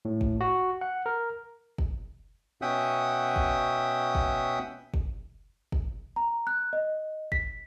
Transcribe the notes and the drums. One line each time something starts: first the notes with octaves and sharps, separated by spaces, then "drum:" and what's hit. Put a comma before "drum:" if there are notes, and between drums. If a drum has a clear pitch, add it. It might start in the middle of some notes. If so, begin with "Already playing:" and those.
A2
drum: kick
F#4
F#5
A#4
drum: kick
B2 C#4 E5 F#5 G5 D#6
drum: kick
drum: kick
drum: kick
drum: kick
A#5
F#6
D#5
B6, drum: kick